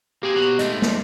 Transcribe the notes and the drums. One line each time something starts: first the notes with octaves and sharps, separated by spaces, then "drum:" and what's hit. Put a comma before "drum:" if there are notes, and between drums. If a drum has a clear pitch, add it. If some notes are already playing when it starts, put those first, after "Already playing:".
A#3 C4 G4 G#4
B2 F#3 F#4
G#2 A3 C4 D#5, drum: hi-hat
drum: snare